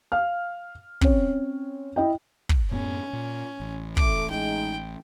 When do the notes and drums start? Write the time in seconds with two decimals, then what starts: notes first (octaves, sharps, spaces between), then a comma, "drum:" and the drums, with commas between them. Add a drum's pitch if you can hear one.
0.12 F5 F6
1.01 C4 C#4 C#5, drum: kick
1.96 E4 D#5 G5
2.49 drum: kick
2.72 F#2 A2 B3 C#4
3.13 A#2
3.60 A1
3.97 A3 D6, drum: kick
4.30 G#3 D#4 G5